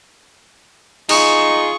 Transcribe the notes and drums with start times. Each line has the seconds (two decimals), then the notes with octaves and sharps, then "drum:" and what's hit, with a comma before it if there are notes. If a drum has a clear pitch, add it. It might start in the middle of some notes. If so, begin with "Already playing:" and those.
1.09 D#4 F4 G#4 C#6, drum: cymbal